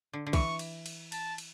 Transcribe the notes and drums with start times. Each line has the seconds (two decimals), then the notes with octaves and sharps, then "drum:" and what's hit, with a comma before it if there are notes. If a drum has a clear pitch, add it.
0.13 D3
0.27 D3
0.33 E3 C#6, drum: kick, cymbal
0.59 drum: cymbal
0.86 drum: cymbal
1.12 A5, drum: cymbal
1.38 drum: cymbal